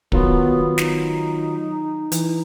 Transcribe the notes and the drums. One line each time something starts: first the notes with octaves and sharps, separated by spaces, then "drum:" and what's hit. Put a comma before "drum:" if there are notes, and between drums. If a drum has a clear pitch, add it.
D#3 F#3 B3 F4, drum: kick
D#4, drum: snare
E3, drum: hi-hat